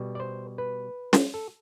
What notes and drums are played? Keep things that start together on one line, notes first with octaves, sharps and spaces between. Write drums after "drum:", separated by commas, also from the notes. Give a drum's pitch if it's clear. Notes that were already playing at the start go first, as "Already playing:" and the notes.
Already playing: B2 G3
D5
C5
B4
drum: snare
A4